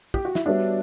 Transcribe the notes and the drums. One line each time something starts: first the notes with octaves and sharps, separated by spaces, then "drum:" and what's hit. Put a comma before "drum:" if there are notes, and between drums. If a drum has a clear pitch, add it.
G4, drum: kick
F#4
E4, drum: snare
G3 B3 D4 F#4 C#5 E5